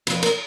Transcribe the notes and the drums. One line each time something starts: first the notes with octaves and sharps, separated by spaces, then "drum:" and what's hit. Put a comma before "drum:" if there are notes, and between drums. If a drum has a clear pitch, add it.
F2 F3 B4, drum: cymbal
A#4, drum: cymbal